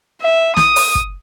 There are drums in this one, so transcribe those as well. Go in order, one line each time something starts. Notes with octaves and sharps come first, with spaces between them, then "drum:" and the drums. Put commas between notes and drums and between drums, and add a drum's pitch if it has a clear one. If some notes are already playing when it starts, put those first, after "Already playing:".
E5
D#6, drum: snare
drum: open hi-hat
drum: kick